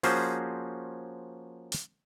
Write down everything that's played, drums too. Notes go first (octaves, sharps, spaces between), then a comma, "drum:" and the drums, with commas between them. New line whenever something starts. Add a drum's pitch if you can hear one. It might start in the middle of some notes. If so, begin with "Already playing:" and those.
F3 A#3 C#4 F#4 G#4 C5, drum: open hi-hat
drum: hi-hat